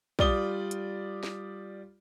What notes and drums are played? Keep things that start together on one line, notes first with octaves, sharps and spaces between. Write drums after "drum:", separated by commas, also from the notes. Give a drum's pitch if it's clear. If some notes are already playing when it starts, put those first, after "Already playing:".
G3 F4 D5 D#6 G7, drum: kick
drum: hi-hat
drum: snare